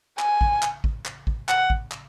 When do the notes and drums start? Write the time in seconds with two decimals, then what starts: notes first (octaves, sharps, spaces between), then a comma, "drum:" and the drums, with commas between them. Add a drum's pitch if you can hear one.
0.19 G#5, drum: clap
0.41 drum: kick A1
0.62 drum: clap
0.84 drum: kick A1
1.05 drum: clap
1.27 drum: kick A1
1.49 F#5, drum: clap
1.70 drum: kick A1
1.91 drum: clap